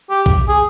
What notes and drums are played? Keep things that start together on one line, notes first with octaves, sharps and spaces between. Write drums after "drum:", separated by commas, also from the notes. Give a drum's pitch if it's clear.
G4
drum: kick A#1
G#4